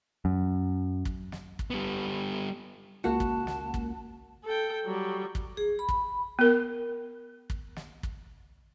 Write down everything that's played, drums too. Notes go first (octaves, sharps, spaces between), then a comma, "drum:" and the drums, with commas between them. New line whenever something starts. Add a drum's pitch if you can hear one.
F#2
drum: kick
drum: snare
drum: kick
G3 B3
C#2 A#3 F#4 F#5 A5
drum: kick
drum: snare
drum: kick
A4 G5
F#3 G3
drum: kick
G#4
B5
drum: kick
B3 A#4
drum: kick
drum: snare
drum: kick